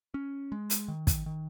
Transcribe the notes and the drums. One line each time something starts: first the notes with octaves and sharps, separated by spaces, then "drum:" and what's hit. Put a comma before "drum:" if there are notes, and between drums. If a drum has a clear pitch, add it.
C#4
G#3
drum: hi-hat
D#3
drum: kick, hi-hat
D#3